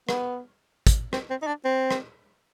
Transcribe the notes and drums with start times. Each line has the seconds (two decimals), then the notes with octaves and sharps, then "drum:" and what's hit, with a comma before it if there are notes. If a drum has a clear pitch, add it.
0.09 B3, drum: rim click
0.87 drum: kick, hi-hat
1.13 C4, drum: rim click
1.30 C4
1.42 D#4
1.47 D4
1.65 C4
1.91 drum: rim click